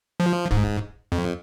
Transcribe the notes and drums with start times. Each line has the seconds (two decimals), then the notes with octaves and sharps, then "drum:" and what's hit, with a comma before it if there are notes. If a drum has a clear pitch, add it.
0.20 F3
0.51 G#2, drum: kick
1.12 F2